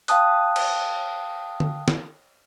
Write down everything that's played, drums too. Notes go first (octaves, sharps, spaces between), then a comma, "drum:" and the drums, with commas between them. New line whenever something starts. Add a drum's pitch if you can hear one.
F5 G5 A5 D#6 F#6, drum: hi-hat
drum: cymbal
drum: tom
drum: snare